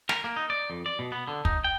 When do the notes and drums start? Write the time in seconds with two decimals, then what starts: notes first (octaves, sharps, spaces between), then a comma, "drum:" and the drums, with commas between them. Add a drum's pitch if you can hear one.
0.09 A#4, drum: snare
0.24 A#3
0.36 D#4
0.50 D5
0.70 F2
0.86 D5
0.99 B2
1.12 B3
1.28 D3
1.45 D#4, drum: kick
1.64 G5